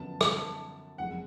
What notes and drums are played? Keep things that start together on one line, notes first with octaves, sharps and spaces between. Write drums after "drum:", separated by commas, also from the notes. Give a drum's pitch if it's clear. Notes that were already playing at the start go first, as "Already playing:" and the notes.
Already playing: F#2 D3 F3 B3 A5
drum: rim click
F#1 F2 F3 G#3 F#5